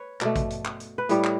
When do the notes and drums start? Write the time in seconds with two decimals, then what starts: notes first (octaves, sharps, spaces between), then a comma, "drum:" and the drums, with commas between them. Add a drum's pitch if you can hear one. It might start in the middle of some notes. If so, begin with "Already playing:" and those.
Already playing: B4 C#5
0.21 B2 A3 D5, drum: clap
0.36 drum: kick A1, hi-hat
0.50 drum: hi-hat
0.65 drum: clap
0.80 drum: hi-hat
0.98 B4
1.09 A2 G3 C#5, drum: hi-hat
1.24 drum: clap